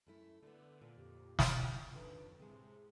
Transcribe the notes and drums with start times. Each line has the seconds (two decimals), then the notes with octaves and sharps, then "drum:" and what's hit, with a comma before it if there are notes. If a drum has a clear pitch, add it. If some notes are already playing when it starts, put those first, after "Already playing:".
0.07 F#2 A3 E4
0.43 D3 A3 B3
0.81 A#2
0.97 F2 G4
1.39 drum: snare
1.94 A2 D3 D#3 B4
2.40 A2 C3 G#3 G#4